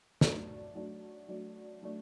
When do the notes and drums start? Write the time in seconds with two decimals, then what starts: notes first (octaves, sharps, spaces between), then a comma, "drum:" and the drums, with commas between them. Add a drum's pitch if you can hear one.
0.21 F#3 A3 D4, drum: snare
0.75 F#3 A3 D4
1.28 F#3 A3 D4
1.82 F#3 A3 D4